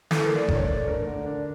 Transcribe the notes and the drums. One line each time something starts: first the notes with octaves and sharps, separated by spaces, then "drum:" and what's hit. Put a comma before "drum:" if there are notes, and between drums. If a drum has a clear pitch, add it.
E3 A4, drum: snare
A#4
A3
D5
D4 D5, drum: kick F#1
C#5
A3 D5
D4 A#4
D3
D4